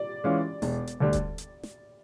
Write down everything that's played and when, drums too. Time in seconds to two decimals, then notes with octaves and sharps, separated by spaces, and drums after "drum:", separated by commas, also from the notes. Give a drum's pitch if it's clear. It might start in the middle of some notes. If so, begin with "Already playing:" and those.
Already playing: D5
0.24 E3 G#3 C#4 F4
0.62 E1, drum: open hi-hat
0.87 drum: hi-hat
1.00 D2 D3 G3
1.13 drum: kick E1, hi-hat
1.38 drum: hi-hat
1.63 drum: snare